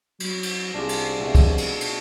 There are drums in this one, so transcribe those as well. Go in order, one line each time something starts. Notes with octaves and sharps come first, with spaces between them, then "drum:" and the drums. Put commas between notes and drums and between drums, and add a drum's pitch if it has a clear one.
F#3, drum: cymbal
drum: cymbal
C2 D4 F4 G#4
drum: cymbal
C2 B2 A3
drum: kick, cymbal
drum: cymbal
drum: cymbal